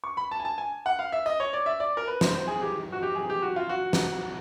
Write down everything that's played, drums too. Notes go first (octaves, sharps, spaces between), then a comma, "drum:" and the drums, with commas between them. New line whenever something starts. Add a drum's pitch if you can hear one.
C#6
B5
A5
G#5
A5
G#5
F#5
F5
E5
D#5
C#5
D5
E5
D5
A#4
B4
C5, drum: snare
C5
G#4
G4
F#4
G4
G#4
G4
F#4
F4
F#4
drum: snare